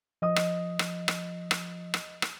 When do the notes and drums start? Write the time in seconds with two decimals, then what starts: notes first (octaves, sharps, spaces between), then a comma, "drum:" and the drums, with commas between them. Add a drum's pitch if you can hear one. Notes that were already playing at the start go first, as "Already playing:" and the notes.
0.22 F3 D#5 D#6
0.36 drum: rim click
0.79 drum: rim click
1.08 drum: rim click
1.51 drum: rim click
1.94 drum: rim click
2.22 drum: rim click